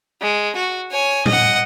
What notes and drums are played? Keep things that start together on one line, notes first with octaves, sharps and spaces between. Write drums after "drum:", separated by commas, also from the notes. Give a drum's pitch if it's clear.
G#3
F#4
C#5 G#5
D#5 F#5, drum: tom